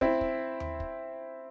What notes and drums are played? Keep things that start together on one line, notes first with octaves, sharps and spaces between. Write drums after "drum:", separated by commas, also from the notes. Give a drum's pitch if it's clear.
C4 E4, drum: kick
drum: kick
drum: tom D#2
drum: kick